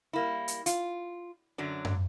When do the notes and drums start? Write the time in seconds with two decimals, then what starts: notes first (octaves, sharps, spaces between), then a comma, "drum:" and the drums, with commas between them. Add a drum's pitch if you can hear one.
0.13 G3 A#3 E4
0.48 drum: hi-hat
0.66 F4, drum: hi-hat
1.58 F#2 D3 F#3 D4
1.85 drum: tom F#2